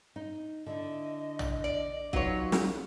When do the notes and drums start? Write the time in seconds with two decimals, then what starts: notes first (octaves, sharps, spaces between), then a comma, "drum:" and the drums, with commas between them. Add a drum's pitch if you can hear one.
0.16 D#4
0.66 D3 E4 D#5
1.39 drum: tom A#1
1.64 D5
2.13 F#3 D#4 F4 B4 C#5, drum: kick
2.52 drum: snare